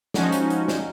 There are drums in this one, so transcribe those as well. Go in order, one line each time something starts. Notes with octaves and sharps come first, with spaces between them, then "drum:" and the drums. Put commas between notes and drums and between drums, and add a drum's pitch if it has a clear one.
F3 G#3 C#4 D#4 F#4, drum: snare
drum: hi-hat
drum: hi-hat
drum: snare